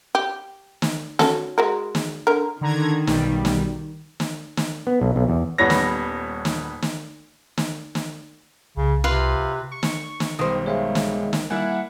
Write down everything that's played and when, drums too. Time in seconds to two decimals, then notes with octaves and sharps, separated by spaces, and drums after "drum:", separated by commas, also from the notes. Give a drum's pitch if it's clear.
0.15 G4
0.82 drum: snare
1.19 C#4 F#4 A4, drum: snare
1.58 G#3 F#4 A#4
1.95 drum: snare
2.27 D3 A#4
2.61 D3 D#3 A#5 G#6
3.07 B1 G3, drum: snare
3.45 drum: snare
4.20 drum: snare
4.57 drum: snare
4.87 B3
5.01 B1
5.16 B1
5.29 E2
5.58 D#1 G3 B3 C#5 A#6
5.70 drum: snare
6.45 drum: snare
6.82 drum: snare
7.57 drum: snare
7.95 drum: snare
8.77 C2 C#3
9.04 C3 F4 B4 F5
9.71 C#6
9.83 drum: snare
10.20 drum: snare
10.39 B1 D#3 G3 C5 D#6
10.66 G#3 C#5 E5 F5
10.95 drum: snare
11.33 drum: snare
11.50 G3 A#3 E4 E5 F#5 G#5